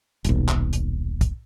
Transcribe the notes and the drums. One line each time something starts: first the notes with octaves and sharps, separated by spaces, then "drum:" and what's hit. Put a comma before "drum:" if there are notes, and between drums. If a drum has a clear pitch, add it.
D#1 B1, drum: hi-hat
drum: clap
drum: hi-hat
drum: kick, hi-hat